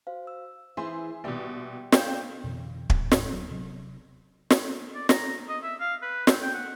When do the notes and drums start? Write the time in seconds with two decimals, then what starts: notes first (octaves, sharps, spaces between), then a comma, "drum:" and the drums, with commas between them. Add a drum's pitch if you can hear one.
0.07 F#4 C5 F5
0.27 E6
0.77 E3 G#4 C5 E5 C6
1.24 A#1 B2 G3 G4 D5
1.92 C5 D5 F5 G5 G6, drum: snare
2.44 F2 B2 D3 E3
2.90 D#2 A2 G#3, drum: kick
3.11 drum: snare
3.32 D#1 F#3 C4
3.51 C3 F#3
4.50 drum: snare
4.95 D5
5.09 A#5, drum: snare
5.49 D#5
5.63 E5
5.80 F5
6.02 B4
6.27 C4, drum: snare
6.42 G5
6.54 F#5